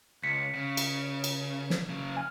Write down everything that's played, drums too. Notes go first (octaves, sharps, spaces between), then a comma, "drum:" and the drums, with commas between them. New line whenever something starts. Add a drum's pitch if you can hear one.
C#2 B6 C#7
C#3
drum: cymbal
drum: cymbal
drum: snare
C#3 F#3
G#5 F6